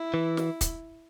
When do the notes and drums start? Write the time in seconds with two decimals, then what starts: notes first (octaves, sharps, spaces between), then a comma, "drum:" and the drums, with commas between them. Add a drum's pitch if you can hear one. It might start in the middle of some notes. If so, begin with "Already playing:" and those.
Already playing: E4
0.14 E3
0.37 drum: snare
0.61 drum: kick, hi-hat